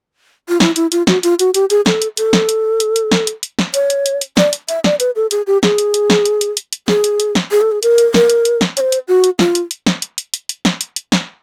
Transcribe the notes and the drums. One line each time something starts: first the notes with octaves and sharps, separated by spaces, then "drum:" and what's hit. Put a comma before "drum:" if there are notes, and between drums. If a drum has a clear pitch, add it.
F4
E4, drum: snare
E4, drum: hi-hat
F4, drum: hi-hat
F#4, drum: snare
F4, drum: hi-hat
F#4, drum: hi-hat
G4, drum: hi-hat
G#4, drum: hi-hat
A4, drum: snare
drum: hi-hat
A4, drum: hi-hat
drum: snare
drum: hi-hat
drum: hi-hat
drum: hi-hat
drum: snare
drum: hi-hat
drum: hi-hat
drum: snare
C#5, drum: hi-hat
drum: hi-hat
drum: hi-hat
drum: hi-hat
D5, drum: snare
drum: hi-hat
E5, drum: hi-hat
D5, drum: snare
B4, drum: hi-hat
A4
G#4, drum: hi-hat
G4
G#4, drum: snare
drum: hi-hat
drum: hi-hat
drum: snare
drum: hi-hat
drum: hi-hat
drum: hi-hat
drum: hi-hat
G#4, drum: snare
drum: hi-hat
drum: hi-hat
drum: snare
G#4
A4
G#4
A#4, drum: hi-hat
drum: hi-hat
A#4, drum: snare
drum: hi-hat
drum: hi-hat
drum: snare
C#5, drum: hi-hat
C5
drum: hi-hat
F#4
drum: hi-hat
F4, drum: snare
drum: hi-hat
drum: hi-hat
drum: snare
drum: hi-hat
drum: hi-hat
drum: hi-hat
drum: hi-hat
drum: snare
drum: hi-hat
drum: hi-hat
drum: snare